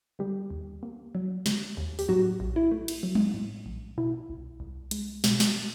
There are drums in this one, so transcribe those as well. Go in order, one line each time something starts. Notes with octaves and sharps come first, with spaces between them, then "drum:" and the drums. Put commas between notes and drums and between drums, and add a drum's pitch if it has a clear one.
D3 G3 G4
D#2
A#3
F#3
D3, drum: snare
D#2
G4, drum: open hi-hat
A2 F#3 F#4
A#1
E4
A3
drum: cymbal
F#3
drum: tom
A2
A#1
B2 E4
C2
C2
G#3, drum: hi-hat
B2, drum: snare
drum: snare